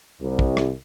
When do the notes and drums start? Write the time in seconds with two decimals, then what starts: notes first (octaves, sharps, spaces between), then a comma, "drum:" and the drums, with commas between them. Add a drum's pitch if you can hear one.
0.21 C2
0.39 drum: kick
0.57 drum: rim click